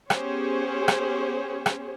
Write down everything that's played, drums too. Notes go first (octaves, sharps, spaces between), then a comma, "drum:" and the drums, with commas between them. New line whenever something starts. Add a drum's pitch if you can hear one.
B3 C#4 G4 G#4 C5 C#5, drum: rim click
drum: rim click
drum: rim click